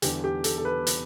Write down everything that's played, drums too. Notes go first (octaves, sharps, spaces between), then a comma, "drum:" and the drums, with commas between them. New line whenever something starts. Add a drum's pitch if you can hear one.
E2 D3 G3 G4, drum: hi-hat
G4
A4, drum: hi-hat
A4
B4
drum: hi-hat